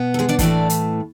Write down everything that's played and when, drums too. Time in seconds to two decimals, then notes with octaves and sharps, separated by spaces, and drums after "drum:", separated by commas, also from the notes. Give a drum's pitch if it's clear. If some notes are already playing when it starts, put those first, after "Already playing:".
Already playing: B2 B3
0.14 A4
0.19 G#3 G#4
0.29 D4 D5
0.39 A2 E3 A3 D4 D5, drum: kick, hi-hat
0.70 drum: hi-hat